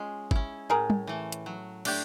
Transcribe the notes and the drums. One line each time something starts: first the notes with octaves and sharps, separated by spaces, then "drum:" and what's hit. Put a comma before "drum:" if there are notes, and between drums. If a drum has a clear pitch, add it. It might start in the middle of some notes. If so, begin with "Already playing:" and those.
Already playing: G#3 C#4 F4
C#4 E4, drum: kick
A2 G#4 A#4
drum: tom G3
E3 A3
drum: hi-hat
F#3
A3 D4 G4, drum: cymbal